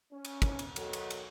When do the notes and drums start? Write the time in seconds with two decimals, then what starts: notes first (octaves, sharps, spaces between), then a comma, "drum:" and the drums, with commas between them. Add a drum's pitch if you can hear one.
0.13 C#4
0.25 drum: cymbal
0.42 drum: kick, cymbal
0.59 drum: cymbal
0.76 B2 D#3 F#3 A4, drum: cymbal
0.93 drum: cymbal
1.10 drum: cymbal